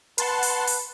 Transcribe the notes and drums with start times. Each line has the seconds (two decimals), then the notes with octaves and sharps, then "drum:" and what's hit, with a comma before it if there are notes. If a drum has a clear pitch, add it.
0.18 B4 F#5 A5 C6, drum: hi-hat
0.43 drum: open hi-hat
0.68 drum: open hi-hat